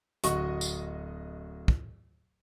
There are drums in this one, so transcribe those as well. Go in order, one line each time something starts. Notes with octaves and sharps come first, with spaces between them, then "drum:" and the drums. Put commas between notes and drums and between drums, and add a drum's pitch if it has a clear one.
D1 F#4 D#5 C#6, drum: hi-hat
drum: tambourine
drum: kick